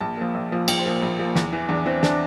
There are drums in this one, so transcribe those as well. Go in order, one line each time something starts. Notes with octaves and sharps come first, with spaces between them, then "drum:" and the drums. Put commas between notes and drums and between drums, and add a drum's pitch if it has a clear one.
A#1 A5
A#2 F3
A#1
A#2 F3
A#1 G5, drum: cymbal
C5
A#2 F3
A#1
A#2 F3
E2, drum: snare
E3
E2 D4
E3 C4
D4, drum: snare